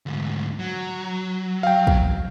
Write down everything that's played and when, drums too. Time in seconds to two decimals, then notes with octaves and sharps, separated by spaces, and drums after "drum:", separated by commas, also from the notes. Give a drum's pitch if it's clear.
0.06 D2 G#2
0.59 F#3
1.63 F5 G5
1.87 drum: kick